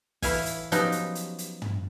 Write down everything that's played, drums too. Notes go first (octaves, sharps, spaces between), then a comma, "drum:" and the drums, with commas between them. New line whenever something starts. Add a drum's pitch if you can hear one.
A2 E3 E4 F5 G#5, drum: kick, open hi-hat
drum: hi-hat
F3 F#3 B3 C#4 D#4 G4, drum: hi-hat
drum: hi-hat
drum: hi-hat
drum: hi-hat
drum: tom